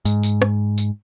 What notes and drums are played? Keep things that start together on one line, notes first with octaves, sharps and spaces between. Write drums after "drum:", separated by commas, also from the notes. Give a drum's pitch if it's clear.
G#2, drum: tambourine
drum: tambourine
drum: rim click
drum: tambourine